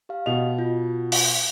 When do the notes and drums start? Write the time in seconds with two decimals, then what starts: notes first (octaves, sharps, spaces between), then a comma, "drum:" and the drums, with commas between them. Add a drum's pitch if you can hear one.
0.09 G4 F5
0.26 B2 D#5 F7
0.59 F4
1.12 drum: open hi-hat